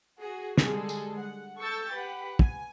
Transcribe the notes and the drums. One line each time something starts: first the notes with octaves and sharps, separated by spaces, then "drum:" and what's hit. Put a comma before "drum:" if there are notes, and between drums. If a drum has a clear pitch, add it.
F#4 G#4
D3 G3 G#3 G#4 A4, drum: snare
drum: tambourine
F#5
A4 C#6 E6 G6 A6
G4 B4 F#5
G#5, drum: kick